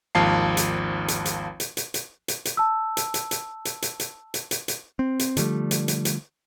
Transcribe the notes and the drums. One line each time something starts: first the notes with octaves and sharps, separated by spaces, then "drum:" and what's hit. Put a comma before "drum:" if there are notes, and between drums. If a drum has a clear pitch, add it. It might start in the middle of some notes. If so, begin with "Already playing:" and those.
G#1 D#2 F3 F5 A5 C7
drum: hi-hat
drum: hi-hat
drum: hi-hat
drum: hi-hat
drum: hi-hat
drum: hi-hat
drum: hi-hat
drum: hi-hat
A5 E6
drum: hi-hat
drum: hi-hat
drum: hi-hat
drum: hi-hat
drum: hi-hat
drum: hi-hat
drum: hi-hat
drum: hi-hat
drum: hi-hat
C4
drum: hi-hat
D3 F3 G3 A3, drum: hi-hat
drum: hi-hat
drum: hi-hat
drum: hi-hat